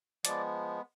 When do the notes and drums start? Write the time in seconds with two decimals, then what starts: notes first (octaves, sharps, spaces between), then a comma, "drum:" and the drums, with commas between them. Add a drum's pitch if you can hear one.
0.25 F3 G#3 B3 D5, drum: hi-hat